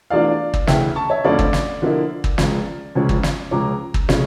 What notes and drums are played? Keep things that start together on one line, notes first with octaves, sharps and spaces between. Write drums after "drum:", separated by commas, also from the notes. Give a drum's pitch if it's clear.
E2 E3 A3 D4 F4 D5 F5
drum: kick
D2 C#3 E3 E5 G5, drum: snare
A5 C#6
C#5 E5
F2 D3 F3 A3 C#4 D5 F5
drum: kick
drum: snare
D3 F3 A#3 E4
drum: kick
C#2 C#3 F3, drum: snare
C#2 C#3 F3 C#4
drum: kick
drum: snare
C#2 C#3 F3 C#4 A#5 D6
drum: kick
C#3 F3 A3 C#4, drum: snare